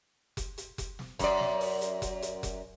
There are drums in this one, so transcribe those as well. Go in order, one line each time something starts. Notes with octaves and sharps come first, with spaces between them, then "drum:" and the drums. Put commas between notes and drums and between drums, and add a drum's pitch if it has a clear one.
drum: kick F1, hi-hat
drum: hi-hat
drum: kick F1, hi-hat
drum: snare
F#2 D5, drum: kick F1, hi-hat
drum: snare
drum: open hi-hat
drum: hi-hat
drum: kick F1, hi-hat
drum: hi-hat
drum: kick F1, hi-hat